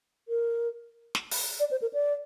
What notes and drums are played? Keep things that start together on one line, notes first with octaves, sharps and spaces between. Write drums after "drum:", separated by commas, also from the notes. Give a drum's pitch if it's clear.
A#4
drum: snare
drum: open hi-hat
D5
C5
A#4
D5